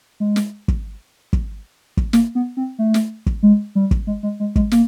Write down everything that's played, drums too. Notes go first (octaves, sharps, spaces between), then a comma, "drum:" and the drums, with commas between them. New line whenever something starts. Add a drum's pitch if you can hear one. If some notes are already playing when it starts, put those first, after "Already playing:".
G#3
drum: snare
drum: kick
drum: kick
drum: kick
A#3, drum: snare
B3
C4
A3
drum: snare
drum: kick
G#3
G3
drum: kick
G#3
G#3
G#3
G#3, drum: kick
A#3, drum: snare